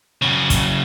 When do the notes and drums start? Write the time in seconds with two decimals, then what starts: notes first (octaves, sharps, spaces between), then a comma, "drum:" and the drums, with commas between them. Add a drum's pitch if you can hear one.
0.22 F#2 C#3
0.50 drum: kick, hi-hat